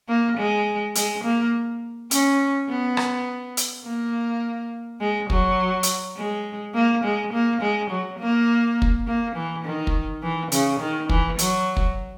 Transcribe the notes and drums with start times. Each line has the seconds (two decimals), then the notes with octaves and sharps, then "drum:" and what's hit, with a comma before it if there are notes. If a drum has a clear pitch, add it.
0.08 A#3
0.37 G#3
0.95 G#3, drum: hi-hat
1.24 A#3
2.11 C#4, drum: hi-hat
2.69 B3
2.97 drum: rim click
3.57 drum: hi-hat
3.85 A#3
5.00 G#3
5.30 F#3, drum: kick
5.83 drum: hi-hat
6.16 G#3
6.74 A#3
7.04 G#3
7.33 A#3
7.61 G#3
7.90 F#3
8.19 A#3
8.82 drum: kick
9.07 A#3
9.35 E3
9.64 D#3
9.87 drum: kick
10.23 E3
10.52 C#3, drum: hi-hat
10.80 D#3
11.09 E3, drum: kick
11.39 F#3, drum: hi-hat
11.77 drum: kick